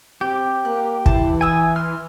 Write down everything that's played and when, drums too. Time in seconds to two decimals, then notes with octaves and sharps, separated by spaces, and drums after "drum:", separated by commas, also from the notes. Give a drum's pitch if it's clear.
0.21 C4 G4 G6
0.65 A#3 F#6
1.06 E3 E4 C5 A5, drum: kick
1.41 G#5 D#6 E6 G6
1.76 C6 F6